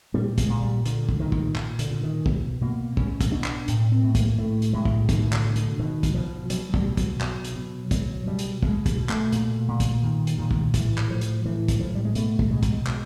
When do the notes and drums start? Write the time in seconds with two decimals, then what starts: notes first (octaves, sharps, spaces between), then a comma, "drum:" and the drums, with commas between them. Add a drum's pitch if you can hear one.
0.14 A#2 G3
0.38 G#3, drum: kick, hi-hat
0.50 A#2
0.62 G3
0.86 A#2 D3, drum: hi-hat
1.09 drum: kick
1.20 A#2 D#3
1.32 drum: kick
1.56 A#2, drum: clap
1.79 D3, drum: hi-hat
1.91 A#2
2.03 D#3
2.26 B2, drum: kick
2.61 B2 A#3
2.97 B2 C#4, drum: kick
3.21 drum: kick, hi-hat
3.32 B2 D4
3.44 drum: clap
3.68 A2, drum: hi-hat
3.92 C4
4.03 A2
4.15 A#3, drum: kick, hi-hat
4.38 A2 A3
4.62 drum: hi-hat
4.73 A2 G#3
4.85 drum: kick
5.09 B2 D#3, drum: kick, hi-hat
5.33 D3, drum: clap
5.45 B2
5.56 D3, drum: hi-hat
5.79 B2 D#3
6.03 drum: kick, hi-hat
6.14 B2 F3
6.50 B2 F#3, drum: hi-hat
6.74 G3, drum: kick
6.86 B2
6.97 F#3, drum: kick, hi-hat
7.21 B2, drum: clap
7.45 drum: hi-hat
7.56 B2
7.91 B2 F#3, drum: kick, hi-hat
8.26 B2 G3
8.39 drum: hi-hat
8.63 B2 G#3, drum: kick
8.86 drum: kick, hi-hat
8.97 B2
9.09 A3, drum: clap
9.32 A#2, drum: hi-hat
9.68 A#2
9.80 drum: kick, hi-hat
10.03 A#2 D#3
10.27 drum: hi-hat
10.38 A#2 D#3
10.51 drum: kick
10.74 A2 E3, drum: kick, hi-hat
10.98 drum: clap
11.10 A2 F3
11.21 drum: hi-hat
11.45 A2 E3
11.68 drum: kick, hi-hat
11.80 A2 F3
11.95 G3
12.05 G#3
12.15 B2 A3, drum: hi-hat
12.39 drum: kick
12.50 B2 G#3
12.63 drum: kick, hi-hat
12.87 B2, drum: clap